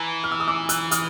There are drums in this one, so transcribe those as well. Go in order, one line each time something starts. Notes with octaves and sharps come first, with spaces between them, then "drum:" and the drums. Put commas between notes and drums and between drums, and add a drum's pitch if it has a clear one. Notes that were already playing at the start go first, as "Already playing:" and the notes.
Already playing: E3 G#5 A#5
F6
E6
D#6
D6 E6
E6 F#6, drum: hi-hat
D#6 F6, drum: hi-hat